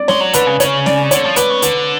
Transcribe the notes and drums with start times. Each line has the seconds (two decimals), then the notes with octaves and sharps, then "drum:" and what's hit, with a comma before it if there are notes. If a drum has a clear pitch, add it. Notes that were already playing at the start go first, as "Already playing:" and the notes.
Already playing: D5
0.08 G#3 C#5, drum: snare
0.21 F#3
0.34 D3 B4, drum: hi-hat
0.47 C#3
0.60 C#3 C#5, drum: hi-hat
0.86 D5, drum: snare
1.11 D3 C#5, drum: hi-hat
1.24 F3
1.36 D3 B4, drum: hi-hat
1.50 C#3
1.62 D3 B4, drum: hi-hat